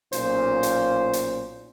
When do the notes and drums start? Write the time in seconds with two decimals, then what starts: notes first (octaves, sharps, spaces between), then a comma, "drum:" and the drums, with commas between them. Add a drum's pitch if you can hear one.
0.13 B1 A#2 C#4 F4 C5, drum: hi-hat
0.63 drum: hi-hat
1.13 drum: hi-hat